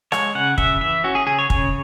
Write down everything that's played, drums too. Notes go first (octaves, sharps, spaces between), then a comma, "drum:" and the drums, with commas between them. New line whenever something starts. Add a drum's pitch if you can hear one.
G#3 C#5, drum: rim click
C#3 F#5
C#3 E5, drum: kick
E3 E5
C#4 F#4
G#4
C#3 G#4
C#5
C#3, drum: kick